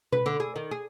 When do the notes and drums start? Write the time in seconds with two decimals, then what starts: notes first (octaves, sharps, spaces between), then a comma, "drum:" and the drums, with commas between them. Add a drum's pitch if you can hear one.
0.13 B4, drum: tom B2
0.26 D3
0.40 G#4
0.56 D#3
0.71 G#4